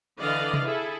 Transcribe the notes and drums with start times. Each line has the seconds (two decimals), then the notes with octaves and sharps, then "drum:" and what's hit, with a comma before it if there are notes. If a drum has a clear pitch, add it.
0.20 D3 E3 D5 D#5 F5
0.54 drum: tom C3
0.65 E4 G#4 A4